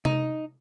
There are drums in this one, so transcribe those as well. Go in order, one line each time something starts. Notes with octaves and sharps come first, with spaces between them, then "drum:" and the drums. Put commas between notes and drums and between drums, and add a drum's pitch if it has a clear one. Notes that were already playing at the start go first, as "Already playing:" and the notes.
D#4, drum: tom C3